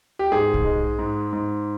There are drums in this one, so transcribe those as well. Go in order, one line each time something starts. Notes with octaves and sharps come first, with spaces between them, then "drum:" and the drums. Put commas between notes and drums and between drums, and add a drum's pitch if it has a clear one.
G4
G#2 G#4
drum: kick
G#3
G#2
G#2